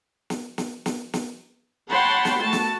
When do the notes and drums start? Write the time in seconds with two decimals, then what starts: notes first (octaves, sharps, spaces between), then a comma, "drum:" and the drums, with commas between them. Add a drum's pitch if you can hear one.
0.30 drum: snare
0.58 drum: snare
0.86 drum: snare
1.14 drum: snare
1.90 C#5 F#5 G5 A5 B5 C6
2.25 drum: snare
2.39 A3 F#4 A5
2.53 drum: snare